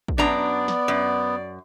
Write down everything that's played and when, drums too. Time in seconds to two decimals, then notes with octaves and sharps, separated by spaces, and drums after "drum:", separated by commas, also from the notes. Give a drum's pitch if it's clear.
0.08 drum: kick
0.18 F#2 B3 D4 D5 A#5
0.68 drum: snare
0.88 F#2